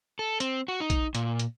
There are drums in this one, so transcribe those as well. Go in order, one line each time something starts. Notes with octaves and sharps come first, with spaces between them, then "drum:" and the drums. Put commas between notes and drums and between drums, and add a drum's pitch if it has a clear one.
A4
C4, drum: hi-hat
F#4
D#4
drum: kick A#1, hi-hat
A#2, drum: hi-hat
drum: hi-hat